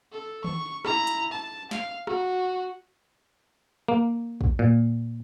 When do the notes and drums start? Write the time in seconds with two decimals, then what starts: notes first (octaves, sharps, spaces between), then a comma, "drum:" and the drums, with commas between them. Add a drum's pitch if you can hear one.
0.12 A4
0.44 C#6, drum: tom D#3
0.85 E4 A#5, drum: rim click
1.07 drum: hi-hat
1.32 A5
1.71 F5, drum: snare
2.07 F#4, drum: rim click
3.88 A#3
4.41 drum: kick
4.59 A#2